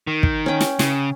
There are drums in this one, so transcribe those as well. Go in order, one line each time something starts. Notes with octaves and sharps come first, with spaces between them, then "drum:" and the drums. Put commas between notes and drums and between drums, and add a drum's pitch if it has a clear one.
D#3
drum: kick
C#4 G5
drum: snare
C#3, drum: snare